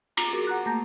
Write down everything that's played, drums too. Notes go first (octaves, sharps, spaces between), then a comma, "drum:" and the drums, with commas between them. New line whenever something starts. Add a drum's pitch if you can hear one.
A#5, drum: cymbal
F#4 G#4 A#4
F#5 A#5 F#6
A3 A#3 A5 A#5 G6 A#6